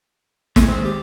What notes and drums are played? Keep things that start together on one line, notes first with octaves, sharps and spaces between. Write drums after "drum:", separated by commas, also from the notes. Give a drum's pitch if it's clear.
G#3, drum: snare
D#3 G#3 A3 C4
G4